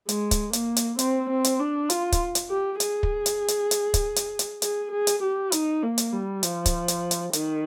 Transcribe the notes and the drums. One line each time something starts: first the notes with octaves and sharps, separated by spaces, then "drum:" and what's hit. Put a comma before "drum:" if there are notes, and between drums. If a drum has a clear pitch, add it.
G#3, drum: hi-hat
drum: kick, hi-hat
A#3, drum: hi-hat
drum: hi-hat
C4, drum: hi-hat
C4
drum: hi-hat
D4
F4, drum: hi-hat
drum: kick, hi-hat
drum: hi-hat
G4
G#4, drum: hi-hat
drum: kick
drum: hi-hat
drum: hi-hat
drum: hi-hat
drum: kick, hi-hat
drum: hi-hat
drum: hi-hat
G#4, drum: hi-hat
G#4
drum: hi-hat
G4
D#4, drum: hi-hat
A#3
drum: hi-hat
G3
F3, drum: hi-hat
drum: kick, hi-hat
drum: hi-hat
drum: hi-hat
D#3, drum: hi-hat